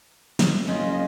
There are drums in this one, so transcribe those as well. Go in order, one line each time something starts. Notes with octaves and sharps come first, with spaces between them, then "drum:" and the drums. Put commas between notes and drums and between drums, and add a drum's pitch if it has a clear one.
drum: snare
F#1 C#3 F4 D#5